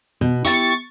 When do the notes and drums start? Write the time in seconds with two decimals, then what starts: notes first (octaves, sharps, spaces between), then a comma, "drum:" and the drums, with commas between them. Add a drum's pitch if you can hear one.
0.21 B2
0.45 E4 G4 C#6 A6, drum: hi-hat